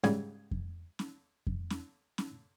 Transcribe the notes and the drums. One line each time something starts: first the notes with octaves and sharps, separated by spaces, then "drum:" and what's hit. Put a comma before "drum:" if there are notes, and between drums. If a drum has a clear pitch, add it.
G#2 C#3 G3 G#5, drum: snare C#4
drum: kick F2
drum: snare C#4
drum: kick F2
drum: snare C#4
drum: snare C#4